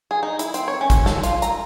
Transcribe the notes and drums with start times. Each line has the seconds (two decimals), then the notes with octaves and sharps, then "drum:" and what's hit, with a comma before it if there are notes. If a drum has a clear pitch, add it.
0.11 G#4
0.23 D#4
0.39 E4, drum: hi-hat
0.54 C4, drum: hi-hat
0.68 C#5
0.81 C#4
0.90 drum: kick A1, hi-hat
1.06 A4, drum: snare
1.23 F4, drum: hi-hat
1.42 A#5, drum: hi-hat